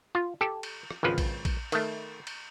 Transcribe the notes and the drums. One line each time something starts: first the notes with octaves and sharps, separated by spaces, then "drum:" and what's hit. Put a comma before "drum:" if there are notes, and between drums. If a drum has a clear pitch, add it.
F4
G4 A4
drum: cymbal
drum: rim click
G#1 C#2 F3 B4
drum: kick A#1, cymbal
drum: kick A#1, cymbal
D#3 A3, drum: cymbal
drum: cymbal